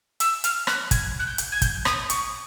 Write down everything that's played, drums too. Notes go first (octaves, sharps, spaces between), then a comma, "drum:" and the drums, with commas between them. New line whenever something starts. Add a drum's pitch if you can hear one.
E6, drum: hi-hat
F6, drum: hi-hat
F#6, drum: rim click
G#6, drum: kick, hi-hat
F#6
G6
drum: hi-hat
G#6
G6, drum: kick, hi-hat
D#6, drum: rim click
C#6, drum: hi-hat